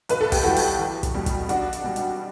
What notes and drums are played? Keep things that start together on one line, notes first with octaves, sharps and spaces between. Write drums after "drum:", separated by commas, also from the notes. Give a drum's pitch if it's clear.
B1 B4, drum: hi-hat
A4
G4, drum: kick, open hi-hat
A2 E3 G3 F#4 A4
drum: open hi-hat
E2
drum: kick, hi-hat
B2 G3
drum: kick, hi-hat
B1 D4 F#4, drum: hi-hat
drum: hi-hat
B2 G3
drum: hi-hat